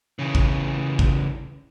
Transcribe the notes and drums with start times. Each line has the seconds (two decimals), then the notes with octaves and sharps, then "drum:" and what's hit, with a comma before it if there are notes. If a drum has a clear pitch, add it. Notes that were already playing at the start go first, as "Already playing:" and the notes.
0.19 C#3 E3
0.35 drum: kick
0.99 drum: kick